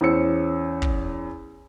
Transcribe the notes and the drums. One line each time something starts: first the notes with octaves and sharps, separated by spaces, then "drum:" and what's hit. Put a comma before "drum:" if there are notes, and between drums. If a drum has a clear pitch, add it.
E2 C#4 C5 E6 C#7
drum: kick